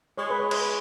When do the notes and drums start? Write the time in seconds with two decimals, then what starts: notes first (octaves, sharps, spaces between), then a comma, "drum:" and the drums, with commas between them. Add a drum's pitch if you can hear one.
0.18 G#3 C#5
0.30 B4
0.40 C#5
0.51 G#3, drum: cymbal
0.61 B4